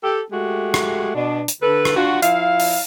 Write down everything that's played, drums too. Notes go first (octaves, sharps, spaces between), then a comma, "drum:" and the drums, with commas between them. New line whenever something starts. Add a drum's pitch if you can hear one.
G4 A4
G#3 A3 F#4 G4
drum: rim click
B2 D4
drum: hi-hat
D3 A4 B4
drum: rim click
D4 F4 F#4
F3 E4 F5, drum: hi-hat
drum: open hi-hat